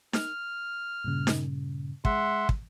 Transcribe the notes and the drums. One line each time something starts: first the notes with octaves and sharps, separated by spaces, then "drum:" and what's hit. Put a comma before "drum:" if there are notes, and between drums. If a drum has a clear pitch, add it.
F6, drum: snare D#4
G2 A#2 C#3
drum: snare D#4
G#3 G#4 E5 F#5 C6, drum: kick
drum: kick